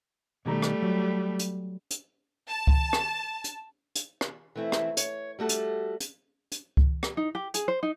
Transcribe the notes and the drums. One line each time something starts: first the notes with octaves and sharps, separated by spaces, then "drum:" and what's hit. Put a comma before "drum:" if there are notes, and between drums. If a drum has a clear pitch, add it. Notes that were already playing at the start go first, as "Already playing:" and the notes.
B2 D#3 G3 A3 A#5
drum: rim click
F#3
drum: hi-hat
drum: hi-hat
A5
drum: kick C#2
drum: rim click
drum: hi-hat
drum: hi-hat
drum: rim click
E3 A3 C4 E4
drum: rim click
C#5, drum: hi-hat
G3 A3 F#4 A4
drum: hi-hat
drum: hi-hat
drum: hi-hat
drum: kick C#2
drum: rim click
D#4
G4
G#4, drum: hi-hat
C5
D#4